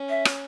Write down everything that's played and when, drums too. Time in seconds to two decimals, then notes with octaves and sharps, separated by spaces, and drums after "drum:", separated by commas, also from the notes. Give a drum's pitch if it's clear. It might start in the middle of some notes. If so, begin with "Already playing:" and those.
Already playing: C#4
0.09 E5
0.25 drum: rim click